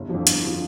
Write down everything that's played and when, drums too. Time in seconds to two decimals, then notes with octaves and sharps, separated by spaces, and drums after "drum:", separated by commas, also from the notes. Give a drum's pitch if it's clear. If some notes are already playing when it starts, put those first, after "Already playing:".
Already playing: G1
0.09 F2 D3 F3
0.27 G1, drum: hi-hat
0.45 D3 F3